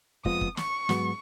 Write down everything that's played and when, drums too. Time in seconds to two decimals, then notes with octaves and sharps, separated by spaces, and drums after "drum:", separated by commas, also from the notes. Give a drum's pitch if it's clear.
0.25 F2 F3 G#3 B3 F4 D#6, drum: kick
0.41 drum: kick
0.57 C#6, drum: snare
0.89 G#2 F#3 B3 F#4, drum: snare